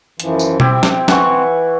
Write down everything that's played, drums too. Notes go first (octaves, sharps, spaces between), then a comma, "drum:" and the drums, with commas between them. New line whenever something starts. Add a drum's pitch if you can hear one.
F#2 E3 F3, drum: hi-hat
drum: tambourine
C4 E4 G4, drum: tom B2
drum: snare
E3 F#5 C#6, drum: snare